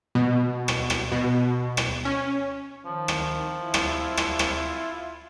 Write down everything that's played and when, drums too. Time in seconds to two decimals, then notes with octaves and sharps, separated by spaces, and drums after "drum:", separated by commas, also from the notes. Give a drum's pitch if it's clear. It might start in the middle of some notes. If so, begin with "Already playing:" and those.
0.15 B2
0.68 drum: rim click
0.90 drum: rim click
1.12 B2
1.77 drum: rim click
2.05 C#4
2.86 D#3 F3
3.08 drum: rim click
3.59 E4 F4
3.74 drum: rim click
4.17 drum: rim click
4.39 drum: rim click